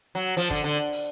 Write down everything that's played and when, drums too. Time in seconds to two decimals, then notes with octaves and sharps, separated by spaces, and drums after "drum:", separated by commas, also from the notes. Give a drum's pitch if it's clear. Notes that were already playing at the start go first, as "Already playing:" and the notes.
0.15 F#3
0.37 F3, drum: open hi-hat
0.50 D3, drum: kick
0.64 D3, drum: hi-hat
0.93 drum: open hi-hat